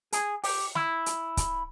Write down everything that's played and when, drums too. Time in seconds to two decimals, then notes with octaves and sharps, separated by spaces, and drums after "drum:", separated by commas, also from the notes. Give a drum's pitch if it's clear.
0.12 G#4, drum: hi-hat
0.44 G4, drum: open hi-hat
0.75 E4, drum: snare
1.06 drum: hi-hat
1.37 drum: kick C#1, hi-hat